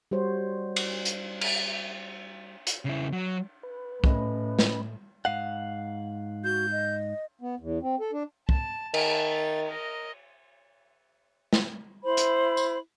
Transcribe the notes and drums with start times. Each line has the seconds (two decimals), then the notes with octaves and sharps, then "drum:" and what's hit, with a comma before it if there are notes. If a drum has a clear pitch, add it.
0.11 G3 F#4 C5 C#5
0.76 drum: cymbal
1.05 drum: hi-hat
1.41 drum: cymbal
2.67 drum: hi-hat
2.85 C#3 E4
3.13 F#3
3.63 B4
4.04 A2 A3 C#4 D#5, drum: kick
4.59 drum: snare
5.25 G#2 F5 F#5
6.44 F#4 G6
6.72 D#5
7.41 B3
7.60 E2
7.82 C4
8.00 A4
8.12 D4
8.49 A5, drum: kick
8.94 D#3 G#5 A5, drum: cymbal
9.30 A6
9.68 A#4 D#5
11.53 drum: snare
12.04 E4 C5 B5
12.17 drum: hi-hat
12.57 drum: tambourine